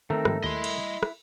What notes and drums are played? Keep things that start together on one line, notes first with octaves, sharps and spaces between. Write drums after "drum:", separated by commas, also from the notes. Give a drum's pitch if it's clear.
D#3 A3 C4 D#4 A4 A#4
G#2 F3 G3, drum: rim click
D#2 E4 D#5 C6
drum: cymbal
drum: rim click